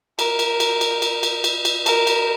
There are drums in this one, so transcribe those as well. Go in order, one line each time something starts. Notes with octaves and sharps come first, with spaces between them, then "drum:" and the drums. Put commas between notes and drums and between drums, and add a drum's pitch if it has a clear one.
A#4, drum: cymbal
drum: cymbal
drum: cymbal
drum: cymbal
drum: cymbal
drum: cymbal
drum: cymbal
drum: cymbal
A#4, drum: cymbal
drum: cymbal